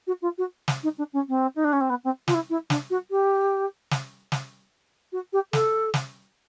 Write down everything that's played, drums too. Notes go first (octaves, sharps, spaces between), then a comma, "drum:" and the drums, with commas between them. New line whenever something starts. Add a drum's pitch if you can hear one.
F#4
F4
F#4
drum: snare
D#4
D4
C#4
C4
D#4
D4
C#4
C4
B3
C4
F4, drum: snare
E4
E4
D4, drum: snare
F#4
G4
drum: snare
drum: snare
F#4
G4
A4, drum: snare
drum: snare